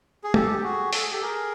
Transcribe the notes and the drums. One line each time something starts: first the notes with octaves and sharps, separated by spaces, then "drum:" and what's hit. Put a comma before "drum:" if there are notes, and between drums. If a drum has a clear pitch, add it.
G#4
G4 A4, drum: tom
G4
F#4 G#4
A4, drum: open hi-hat
G#4
G4 A4
G#4 A#4